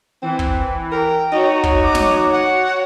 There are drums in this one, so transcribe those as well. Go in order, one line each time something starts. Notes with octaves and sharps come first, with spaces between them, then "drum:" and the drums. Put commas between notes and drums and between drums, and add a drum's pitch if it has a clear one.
E3 C4
drum: kick
A#4 G5
D#4 F#4 C#5
drum: kick
D6
drum: snare
F#5